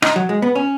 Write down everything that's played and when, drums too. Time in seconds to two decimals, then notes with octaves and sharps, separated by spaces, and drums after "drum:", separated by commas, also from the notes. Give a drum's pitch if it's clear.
0.02 D#4, drum: rim click
0.16 F#3
0.29 G#3
0.42 B3
0.55 C#4